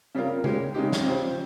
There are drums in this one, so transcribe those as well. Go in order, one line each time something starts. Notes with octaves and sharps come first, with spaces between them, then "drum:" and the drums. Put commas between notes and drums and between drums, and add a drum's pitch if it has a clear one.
C#3 G3 A#3 F4 A#4
G#3 C#4 G4, drum: tom C#3
C#3 G#3 D#4 G4
drum: snare
C#3 F3 C4 G4 C5